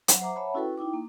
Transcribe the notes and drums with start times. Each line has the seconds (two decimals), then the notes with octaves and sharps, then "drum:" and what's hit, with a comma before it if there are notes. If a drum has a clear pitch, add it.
0.08 F#3 F#5, drum: hi-hat
0.21 C5 E5 A#5 D6
0.36 C#5 E5 F#5 A5 B5
0.54 C#4 E4 F#4 A4 B4 G5
0.78 D#4 E4 G5 D6
0.94 A#3